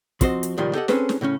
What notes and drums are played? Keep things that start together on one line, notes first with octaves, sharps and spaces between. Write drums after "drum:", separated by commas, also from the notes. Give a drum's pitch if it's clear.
F3 C4 F#4 C5 D#5, drum: kick, hi-hat
drum: hi-hat
C#2 A#2 D#3 F3 G3
G4 A4 D#5 F#5
C4 C#4 G#4 A4 B4 C5, drum: snare
drum: snare
A2 C#3 C4 C#4